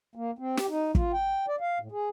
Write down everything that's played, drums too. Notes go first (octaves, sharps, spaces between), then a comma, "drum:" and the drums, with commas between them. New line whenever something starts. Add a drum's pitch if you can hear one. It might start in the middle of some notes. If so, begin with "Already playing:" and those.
A#3
C4
G4, drum: snare
D#4
F4, drum: kick
G5
D5
F5
A2
G#4